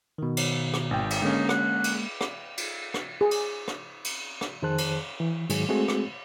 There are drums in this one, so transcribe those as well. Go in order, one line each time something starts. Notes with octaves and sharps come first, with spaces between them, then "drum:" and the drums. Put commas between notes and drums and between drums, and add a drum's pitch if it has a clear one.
B2 D#3
drum: cymbal
drum: rim click
G#1 G5
drum: cymbal
D3 G#3 A#3 C#4 D#4
F#5, drum: rim click
drum: cymbal
drum: rim click
drum: cymbal
drum: rim click
G#4
drum: cymbal
drum: rim click
drum: cymbal
drum: rim click
F2 D#3 G#4 C5 A5 F#6
drum: cymbal
E3
G#2 D#3 F#3 G#4, drum: cymbal
G#3 A3 C4 F#4 G#4
drum: rim click